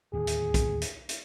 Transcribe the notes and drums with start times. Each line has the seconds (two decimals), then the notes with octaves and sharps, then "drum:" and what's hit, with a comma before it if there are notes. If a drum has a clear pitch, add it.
0.13 D1 D#2 G#4
0.27 drum: hi-hat
0.54 drum: kick B1, hi-hat
0.81 drum: hi-hat
1.09 drum: hi-hat